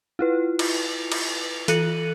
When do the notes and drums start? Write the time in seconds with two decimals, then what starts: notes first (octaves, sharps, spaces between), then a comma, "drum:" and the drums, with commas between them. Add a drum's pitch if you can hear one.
0.19 E4 F4 B4
0.59 drum: cymbal
1.12 drum: cymbal
1.68 E3 A4 F#6 C#7 D#7 F#7, drum: hi-hat